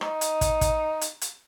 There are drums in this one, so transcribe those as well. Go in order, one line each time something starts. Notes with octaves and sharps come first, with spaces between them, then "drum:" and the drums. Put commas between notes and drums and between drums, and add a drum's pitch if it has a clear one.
D#4, drum: rim click
drum: hi-hat
drum: kick, hi-hat
drum: kick, hi-hat
drum: hi-hat
drum: hi-hat